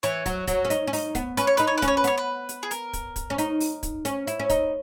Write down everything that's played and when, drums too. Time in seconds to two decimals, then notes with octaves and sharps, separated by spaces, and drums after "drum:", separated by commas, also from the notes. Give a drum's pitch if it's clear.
0.03 E3 C#5, drum: hi-hat
0.26 F#3, drum: kick, hi-hat
0.47 F#3, drum: kick, hi-hat
0.65 C#4
0.70 D#4, drum: hi-hat
0.87 C#4
0.93 D#4, drum: open hi-hat
1.15 B3, drum: kick, hi-hat
1.37 C#4 B4, drum: hi-hat
1.47 C#5
1.57 D#4 B4, drum: hi-hat
1.67 C#5
1.78 B4
1.82 C#4, drum: kick, hi-hat
1.88 C#5
1.97 B4
2.04 B3 C#5, drum: hi-hat
2.18 B4
2.49 drum: hi-hat
2.63 G#4
2.71 A#4, drum: hi-hat
2.93 drum: kick, hi-hat
3.16 drum: kick, hi-hat
3.30 C#4
3.38 D#4, drum: hi-hat
3.60 drum: open hi-hat
3.83 drum: kick, hi-hat
4.05 C#4, drum: hi-hat
4.27 E4, drum: hi-hat
4.39 C#4
4.50 D#4, drum: kick, hi-hat